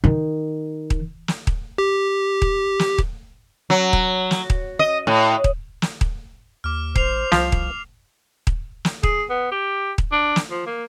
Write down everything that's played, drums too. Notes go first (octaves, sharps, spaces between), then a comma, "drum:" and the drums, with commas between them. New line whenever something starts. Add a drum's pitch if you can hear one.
D#3
drum: kick D#1
drum: snare
drum: kick D#1
G4
drum: kick D#1
drum: snare
drum: kick D#1
F#3
drum: kick D#1
drum: snare
drum: kick D#1
D#5
A2
drum: kick D#1
drum: snare
drum: kick D#1
D#2 D6 F6
A1 C5 C7 F7, drum: kick D#1
C2 F3, drum: snare
drum: kick D#1
drum: kick D#1
drum: snare
G#4, drum: kick D#1
B3
G4
drum: kick D#1
D4
drum: snare
F3
A#3